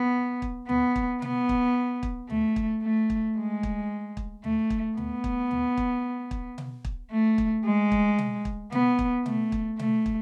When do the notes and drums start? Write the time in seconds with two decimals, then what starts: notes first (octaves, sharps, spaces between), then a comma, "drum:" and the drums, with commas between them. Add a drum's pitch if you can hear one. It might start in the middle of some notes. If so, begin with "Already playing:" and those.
Already playing: B3
0.42 drum: kick
0.69 B3, drum: tom
0.96 drum: kick
1.22 B3, drum: tom B2
1.49 drum: kick
2.03 drum: kick
2.30 A3, drum: tom
2.56 drum: kick
2.83 A3
3.10 drum: kick
3.37 G#3
3.63 drum: kick
4.17 drum: kick
4.44 A3, drum: tom
4.70 drum: kick
4.97 B3, drum: tom
5.24 drum: kick
5.51 drum: tom
5.77 drum: kick
6.31 drum: kick
6.58 drum: tom B2
6.85 drum: kick
7.11 A3
7.38 drum: kick
7.65 G#3
7.92 drum: kick
8.18 drum: tom B2
8.45 drum: kick
8.72 B3, drum: tom B2
8.99 drum: kick
9.26 A3, drum: tom B2
9.52 drum: kick
9.79 A3, drum: tom B2
10.06 drum: kick